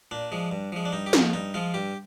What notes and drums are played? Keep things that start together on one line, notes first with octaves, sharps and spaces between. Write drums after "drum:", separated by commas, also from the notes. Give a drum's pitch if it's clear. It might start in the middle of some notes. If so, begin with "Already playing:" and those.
A#2 D4
F3 G#3
G2
F3 G#3
D4
G2 D#4
G4
F3 G#3 F4, drum: snare
G2 D#4
F3 G#3 F4
G2 G4